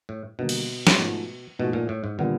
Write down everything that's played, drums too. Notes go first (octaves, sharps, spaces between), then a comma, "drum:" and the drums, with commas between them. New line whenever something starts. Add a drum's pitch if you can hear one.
A2
B2 D3 G3 A#3 D4
drum: cymbal
drum: snare
G#2 F3 A3
G#2 B2 F3 A3
A#2
A2
G#2
A#2 D3 G3 B3